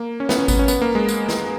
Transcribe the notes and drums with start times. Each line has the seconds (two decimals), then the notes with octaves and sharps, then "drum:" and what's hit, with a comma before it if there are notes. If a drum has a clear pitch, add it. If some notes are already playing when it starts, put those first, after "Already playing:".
Already playing: A#3
0.20 C#4
0.29 B3, drum: snare
0.39 C#4
0.48 B3, drum: kick G#1, tambourine
0.59 C#4
0.68 B3, drum: tambourine
0.81 A#3
0.95 G#3
1.09 drum: tambourine
1.29 drum: snare